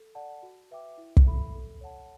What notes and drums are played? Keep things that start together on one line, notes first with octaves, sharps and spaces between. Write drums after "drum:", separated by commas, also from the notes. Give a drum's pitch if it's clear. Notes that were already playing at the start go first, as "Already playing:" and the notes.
Already playing: A4
D5 F#5 A5
F#4
B4 E5 G5 D6
E4
drum: kick
A4 E5 B5
A4
C#5 F#5 A5